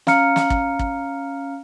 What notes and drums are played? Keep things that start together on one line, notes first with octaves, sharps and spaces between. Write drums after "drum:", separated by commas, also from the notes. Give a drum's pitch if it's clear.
C#4 F5 A#5 F6 C#7, drum: snare
drum: snare
drum: kick
drum: kick